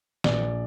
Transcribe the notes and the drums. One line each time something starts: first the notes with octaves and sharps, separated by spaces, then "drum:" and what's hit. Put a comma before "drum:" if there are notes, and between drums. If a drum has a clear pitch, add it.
A#1 D5, drum: snare